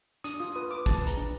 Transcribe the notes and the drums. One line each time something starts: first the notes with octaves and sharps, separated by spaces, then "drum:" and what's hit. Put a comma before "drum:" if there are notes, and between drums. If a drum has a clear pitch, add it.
D4 D#6, drum: hi-hat
F4 D#6
B4 D#6
B4 D6
G#4 A5, drum: kick, hi-hat
B4
A#5, drum: hi-hat
D4